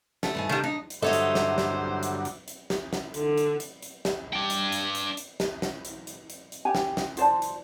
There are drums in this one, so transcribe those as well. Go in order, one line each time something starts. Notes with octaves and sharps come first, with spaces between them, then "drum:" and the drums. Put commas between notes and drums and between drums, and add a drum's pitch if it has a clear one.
A3, drum: snare
G2 D#3 G#5
D3 D#3 G3 D4
D4 D#4
drum: hi-hat
G2 D3 F#3 A4 C5 C#5 D#5 E5
drum: hi-hat
drum: snare
drum: snare
drum: hi-hat
drum: hi-hat
drum: hi-hat
drum: snare
drum: snare
D3, drum: hi-hat
drum: hi-hat
drum: hi-hat
drum: hi-hat
drum: snare
D4 G5
drum: hi-hat
drum: hi-hat
drum: hi-hat
drum: hi-hat
drum: snare
drum: snare
drum: hi-hat
drum: hi-hat
drum: hi-hat
drum: hi-hat
G4 G#5
drum: snare
drum: snare
F4 C5 D5 A5, drum: hi-hat
drum: hi-hat